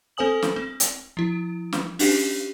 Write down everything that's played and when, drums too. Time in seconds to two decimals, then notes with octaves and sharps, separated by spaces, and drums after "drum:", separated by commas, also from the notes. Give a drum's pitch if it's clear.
0.17 C4 A4 C5 G#5 D#6 F#7
0.42 drum: snare
0.56 C4
0.80 drum: hi-hat
1.17 F3 E4
1.73 drum: snare
1.99 C#4 D4 F#4 G4, drum: open hi-hat